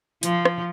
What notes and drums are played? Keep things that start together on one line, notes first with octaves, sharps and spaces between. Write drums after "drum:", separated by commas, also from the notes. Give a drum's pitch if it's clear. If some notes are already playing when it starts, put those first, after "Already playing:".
F3, drum: hi-hat
drum: rim click